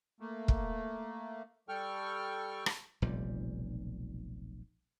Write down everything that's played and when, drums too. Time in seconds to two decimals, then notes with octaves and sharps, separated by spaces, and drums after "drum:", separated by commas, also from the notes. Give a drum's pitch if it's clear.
0.20 A3 A#3
0.48 drum: kick
1.69 G3 A4 G5 C#6 F6
2.66 drum: rim click
3.02 F1 B1 A#2 G3